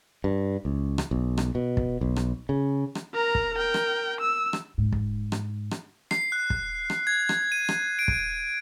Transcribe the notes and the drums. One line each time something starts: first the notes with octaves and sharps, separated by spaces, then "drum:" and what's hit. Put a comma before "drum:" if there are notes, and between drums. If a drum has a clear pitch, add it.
G2
C#2
drum: rim click
B1
drum: rim click
B2
drum: kick
B1
drum: rim click
C#3
drum: rim click
A#4 A#5
drum: kick
A#4 G5
drum: rim click
E6
drum: rim click
G#2
drum: kick
drum: rim click
drum: rim click
C7, drum: rim click
F#6
drum: kick
drum: rim click
G#6
drum: rim click
D#7
drum: rim click
D7
drum: kick